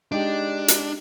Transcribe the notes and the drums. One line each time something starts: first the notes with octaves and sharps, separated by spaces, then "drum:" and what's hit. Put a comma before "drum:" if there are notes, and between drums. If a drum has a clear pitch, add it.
G#3 D4 D#4 G4
drum: hi-hat